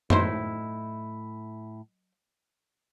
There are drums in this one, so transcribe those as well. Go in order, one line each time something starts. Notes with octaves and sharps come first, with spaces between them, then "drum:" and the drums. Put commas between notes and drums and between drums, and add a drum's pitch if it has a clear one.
A2 F#3 D#4 E4 C5, drum: tom F#2